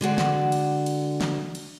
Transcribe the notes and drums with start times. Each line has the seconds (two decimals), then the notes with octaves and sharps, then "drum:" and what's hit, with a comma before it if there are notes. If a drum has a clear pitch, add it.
0.01 D3 G#3 F#4 D5
0.18 drum: snare
0.52 drum: cymbal
0.86 drum: cymbal
1.21 drum: snare
1.55 drum: cymbal